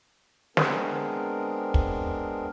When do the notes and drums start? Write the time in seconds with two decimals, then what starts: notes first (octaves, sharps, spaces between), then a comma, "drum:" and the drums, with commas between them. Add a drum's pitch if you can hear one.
0.57 G#3 B3 C4 D4 G#4 A#4, drum: snare
1.74 drum: kick